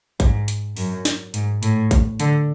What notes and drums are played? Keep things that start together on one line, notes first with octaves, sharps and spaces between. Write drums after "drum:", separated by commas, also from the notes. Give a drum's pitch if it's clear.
G#2, drum: kick A1, hi-hat
drum: hi-hat
F#2, drum: open hi-hat
drum: snare
G#2, drum: hi-hat
A2, drum: hi-hat
drum: kick A1, hi-hat
D3, drum: hi-hat